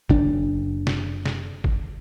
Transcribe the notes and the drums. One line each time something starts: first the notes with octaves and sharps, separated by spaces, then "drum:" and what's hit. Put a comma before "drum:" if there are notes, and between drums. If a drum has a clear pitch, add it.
F#1 F#2 D4, drum: kick G#1
drum: snare
drum: snare
drum: kick G#1